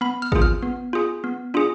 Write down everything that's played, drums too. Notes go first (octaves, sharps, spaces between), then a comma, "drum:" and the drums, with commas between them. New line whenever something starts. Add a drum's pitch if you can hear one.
B3 B5
F6
F4 G#4, drum: kick G#1
F6
B3
F4 G#4
B3
D4 F4 G#4